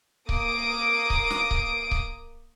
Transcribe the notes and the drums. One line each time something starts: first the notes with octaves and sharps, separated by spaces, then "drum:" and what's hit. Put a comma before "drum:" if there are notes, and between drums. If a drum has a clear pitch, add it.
A#3 D6 D#6 D7, drum: kick C#1
drum: kick C#1
drum: snare
drum: kick C#1
drum: kick C#1